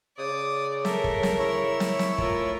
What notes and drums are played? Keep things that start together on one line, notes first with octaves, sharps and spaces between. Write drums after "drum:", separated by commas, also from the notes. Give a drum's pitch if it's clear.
C#3 D5 D#6
A4 A#4 E5, drum: snare
drum: kick
drum: snare
E4 C#5 E6
drum: snare
drum: snare
A2 F4 A#4, drum: kick